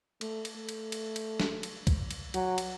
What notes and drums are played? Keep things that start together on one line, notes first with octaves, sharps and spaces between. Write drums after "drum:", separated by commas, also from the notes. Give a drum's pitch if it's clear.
A3, drum: cymbal
drum: cymbal
A3
drum: cymbal
drum: cymbal
drum: cymbal
drum: snare
drum: cymbal
drum: kick, cymbal
drum: cymbal
F#3, drum: cymbal
drum: cymbal